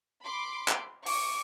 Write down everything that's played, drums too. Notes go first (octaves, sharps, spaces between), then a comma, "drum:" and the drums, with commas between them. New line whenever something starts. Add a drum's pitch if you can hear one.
B5 C6 D6
drum: clap
C#6 D6, drum: open hi-hat